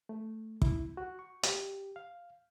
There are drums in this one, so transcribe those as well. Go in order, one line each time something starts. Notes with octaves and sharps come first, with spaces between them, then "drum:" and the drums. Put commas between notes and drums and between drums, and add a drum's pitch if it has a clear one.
A3
E4, drum: kick
F#4
C#6
G4, drum: hi-hat
F5